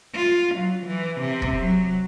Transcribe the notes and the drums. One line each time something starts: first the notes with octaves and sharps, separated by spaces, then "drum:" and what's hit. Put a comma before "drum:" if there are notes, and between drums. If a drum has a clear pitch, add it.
F4
F#3
E3
C3
drum: kick
F#3